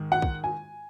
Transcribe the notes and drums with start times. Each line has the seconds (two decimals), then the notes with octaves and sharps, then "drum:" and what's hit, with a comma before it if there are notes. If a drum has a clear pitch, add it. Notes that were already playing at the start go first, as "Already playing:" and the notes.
Already playing: G#2 D#3 G#3
0.12 F#5
0.22 drum: kick
0.44 G#5